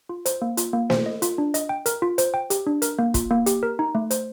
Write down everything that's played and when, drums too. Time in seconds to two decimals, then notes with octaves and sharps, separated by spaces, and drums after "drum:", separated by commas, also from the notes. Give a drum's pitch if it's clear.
0.09 F4
0.26 C5, drum: hi-hat
0.42 A#3
0.57 F4, drum: hi-hat
0.73 A#3
0.90 C5, drum: snare
1.06 D#5
1.22 F4, drum: hi-hat
1.38 D4
1.54 D#5, drum: hi-hat
1.69 G5
1.86 A#4, drum: hi-hat
2.02 F4
2.18 C5, drum: hi-hat
2.34 G5
2.50 G4, drum: hi-hat
2.67 D4
2.82 A#4, drum: hi-hat
2.99 A#3
3.14 F4, drum: kick, hi-hat
3.31 A#3
3.46 G4, drum: hi-hat
3.63 A#4
3.79 D#4
3.95 A3
4.11 C5, drum: hi-hat